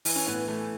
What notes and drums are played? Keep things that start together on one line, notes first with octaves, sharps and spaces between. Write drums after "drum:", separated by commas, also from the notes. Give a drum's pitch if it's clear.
E3, drum: open hi-hat
C#4
A2 B3
E3 A3